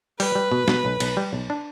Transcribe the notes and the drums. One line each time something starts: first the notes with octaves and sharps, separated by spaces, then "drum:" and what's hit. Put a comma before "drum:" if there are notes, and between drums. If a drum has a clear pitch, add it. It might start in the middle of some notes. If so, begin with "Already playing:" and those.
G3 B4, drum: open hi-hat
G3
B2
B2, drum: snare
B1
B1, drum: cymbal
G3
B1
D4